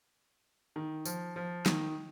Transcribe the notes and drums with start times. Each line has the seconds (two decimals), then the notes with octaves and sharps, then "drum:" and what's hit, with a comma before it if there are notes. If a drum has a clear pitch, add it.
0.76 D#3
1.06 F3, drum: tambourine
1.36 F3
1.66 D#3, drum: snare